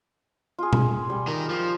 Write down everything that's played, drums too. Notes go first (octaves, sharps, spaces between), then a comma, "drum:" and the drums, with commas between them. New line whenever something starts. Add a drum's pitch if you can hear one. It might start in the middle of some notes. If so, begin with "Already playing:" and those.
F4 G#4
drum: tom B2
G3
D#3 A#4
F3